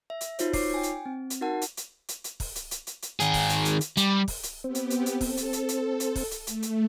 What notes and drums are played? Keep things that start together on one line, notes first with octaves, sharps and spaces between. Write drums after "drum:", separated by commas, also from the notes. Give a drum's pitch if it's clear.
E5
drum: hi-hat
D#4 F4 F#4 C5 C#5, drum: hi-hat
D#4 F4 C#5 D6 C7, drum: kick, open hi-hat
G5 G#5
drum: hi-hat
C4
drum: hi-hat
D#4 F#4 A#4 F#5 A5
drum: hi-hat
drum: hi-hat
drum: hi-hat
drum: hi-hat
drum: kick, open hi-hat
drum: hi-hat
drum: hi-hat
drum: hi-hat
drum: hi-hat
D#3 G#4, drum: hi-hat
drum: kick, open hi-hat
drum: hi-hat
drum: hi-hat
drum: hi-hat
G3, drum: hi-hat
drum: kick, open hi-hat
drum: hi-hat
B3 C4 G4
drum: hi-hat
drum: hi-hat
drum: hi-hat
A4, drum: kick, open hi-hat
drum: hi-hat
drum: hi-hat
drum: hi-hat
drum: hi-hat
drum: kick, open hi-hat
drum: hi-hat
A3, drum: hi-hat
drum: hi-hat